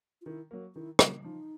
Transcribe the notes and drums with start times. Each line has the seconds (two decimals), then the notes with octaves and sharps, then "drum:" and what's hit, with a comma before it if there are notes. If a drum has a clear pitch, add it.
0.21 F4
0.26 D#3 E4
0.51 F#3 A#3
0.76 D#3 E4
0.99 F#3 A#3, drum: rim click
1.24 F3 D#4